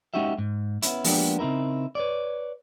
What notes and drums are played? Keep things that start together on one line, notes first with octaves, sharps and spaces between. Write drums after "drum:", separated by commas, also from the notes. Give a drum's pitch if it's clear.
G#3 C#4 D#4 F#4 G4 E5
G#2
B3 C#4 E4, drum: hi-hat
F3 G#3 A#3 B3 D4 G4, drum: open hi-hat
C#3 C4 D#4 E4 A#4
B4 C#5 D5